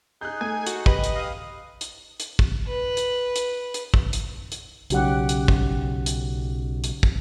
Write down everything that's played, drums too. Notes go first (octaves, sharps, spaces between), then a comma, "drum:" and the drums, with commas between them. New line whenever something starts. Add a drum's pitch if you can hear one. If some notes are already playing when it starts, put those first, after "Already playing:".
D#4 G#4 F#6 G6
A3 A4 G#5
F#4, drum: hi-hat
G4 B4 D#5, drum: kick
drum: hi-hat
F5 D#6
drum: hi-hat
drum: hi-hat
drum: kick
B4
drum: hi-hat
drum: hi-hat
drum: hi-hat
drum: kick
drum: hi-hat
drum: hi-hat
B1 C#3 G4 F#5, drum: hi-hat
drum: hi-hat
drum: kick
drum: hi-hat
drum: hi-hat
drum: kick